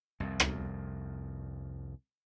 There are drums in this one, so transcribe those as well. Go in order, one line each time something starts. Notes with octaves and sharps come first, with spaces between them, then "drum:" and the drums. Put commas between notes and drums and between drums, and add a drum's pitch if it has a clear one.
C2 F2
drum: rim click